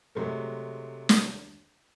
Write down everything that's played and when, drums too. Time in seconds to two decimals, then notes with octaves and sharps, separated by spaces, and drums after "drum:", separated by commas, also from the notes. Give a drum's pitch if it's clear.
0.15 C3 F#3 G#3 A3
1.09 drum: snare